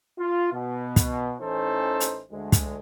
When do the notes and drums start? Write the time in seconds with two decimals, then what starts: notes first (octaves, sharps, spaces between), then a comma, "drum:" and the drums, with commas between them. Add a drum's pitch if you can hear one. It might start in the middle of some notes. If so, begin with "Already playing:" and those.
0.18 F4
0.53 B2
0.96 drum: kick, hi-hat
1.40 A1 E3 C#4 D#4 A4 C5
2.00 drum: hi-hat
2.31 D2 G#3
2.52 drum: kick, hi-hat